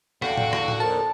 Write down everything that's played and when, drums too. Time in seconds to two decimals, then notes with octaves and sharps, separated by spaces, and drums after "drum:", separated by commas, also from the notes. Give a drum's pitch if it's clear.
0.22 E2 D3 F#4 F5 G5, drum: rim click
0.37 drum: tom A2
0.53 drum: rim click
0.68 drum: tom A2
0.80 D#2 F3 A#4 A5